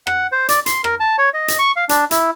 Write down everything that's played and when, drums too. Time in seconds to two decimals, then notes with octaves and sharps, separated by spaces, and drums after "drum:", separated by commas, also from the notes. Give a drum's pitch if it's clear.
0.07 F#5, drum: rim click
0.32 C5
0.48 D5, drum: hi-hat
0.66 C6, drum: hi-hat
0.84 A#4, drum: rim click
1.00 A5
1.18 C#5
1.34 D#5
1.48 drum: hi-hat
1.59 C#6
1.76 F5
1.89 D4, drum: hi-hat
2.11 E4, drum: hi-hat